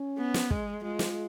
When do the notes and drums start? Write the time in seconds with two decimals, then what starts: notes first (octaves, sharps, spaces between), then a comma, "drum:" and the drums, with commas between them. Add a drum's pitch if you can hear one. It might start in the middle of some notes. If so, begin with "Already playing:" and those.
Already playing: C#4
0.18 B3
0.34 drum: snare
0.51 G#3, drum: kick
0.83 G#3 F4
0.99 drum: snare